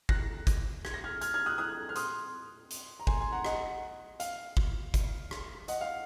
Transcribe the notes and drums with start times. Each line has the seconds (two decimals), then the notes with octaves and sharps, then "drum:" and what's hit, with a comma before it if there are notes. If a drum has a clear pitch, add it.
0.09 F#6 A#6, drum: kick
0.47 drum: kick, hi-hat
0.85 G#6, drum: rim click
0.94 A#6
1.04 F6 G#6
1.21 F6 G#6, drum: hi-hat
1.34 F6 G#6
1.46 D#6 F#6
1.58 D#6 F#6
1.89 F6
1.95 C6 D#6, drum: hi-hat
2.70 drum: hi-hat
3.00 A#5
3.07 G#5 C6, drum: kick
3.21 G#5 C6
3.32 F#5 A#5
3.45 D#5 F#5, drum: rim click
4.20 F5, drum: hi-hat
4.57 drum: kick
4.94 drum: kick, hi-hat
5.31 drum: rim click
5.68 D#5 F#5, drum: hi-hat
5.81 F5